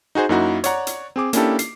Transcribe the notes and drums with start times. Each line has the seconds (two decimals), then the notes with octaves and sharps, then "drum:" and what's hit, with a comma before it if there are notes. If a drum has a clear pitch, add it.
0.15 D#4 F#4 G#4 C5
0.29 F#2 A#3 D#4 E4 F#4
0.64 C#5 D5 F#5 A#5, drum: hi-hat
0.87 drum: hi-hat
1.16 C4 G#4 D6
1.33 A#3 C#4 D4 E4 G4 A4, drum: hi-hat
1.59 C7, drum: hi-hat